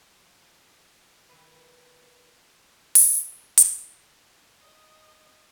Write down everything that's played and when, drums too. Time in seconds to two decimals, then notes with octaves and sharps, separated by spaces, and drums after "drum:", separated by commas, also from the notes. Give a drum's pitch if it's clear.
0.20 F3
1.29 D#3 E3 B4
2.95 drum: open hi-hat
3.57 drum: hi-hat
4.61 D#5 D#6